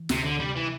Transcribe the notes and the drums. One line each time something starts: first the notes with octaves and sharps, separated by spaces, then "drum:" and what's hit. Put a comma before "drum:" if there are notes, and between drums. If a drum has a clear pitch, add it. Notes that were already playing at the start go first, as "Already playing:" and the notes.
Already playing: E3
D2 C3, drum: snare
D3
C3 G3
E3